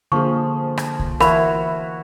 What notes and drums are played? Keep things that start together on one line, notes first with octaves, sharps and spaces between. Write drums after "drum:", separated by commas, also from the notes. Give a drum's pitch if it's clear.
D3 F3 A#3 G#4 C#6
drum: rim click
drum: kick
E3 E4 F#4 A#4 C#5 F5 B5, drum: rim click